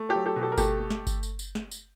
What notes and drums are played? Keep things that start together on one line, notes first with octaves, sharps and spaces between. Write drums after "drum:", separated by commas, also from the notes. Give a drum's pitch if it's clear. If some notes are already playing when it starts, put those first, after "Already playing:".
Already playing: A3
G4 A4
F#3
G4 A4
B2
G4 A4
A#4
A3 G4 A4, drum: kick G1, tambourine
A3
drum: snare
drum: kick G1, tambourine
drum: tambourine
drum: tambourine
drum: snare
drum: tambourine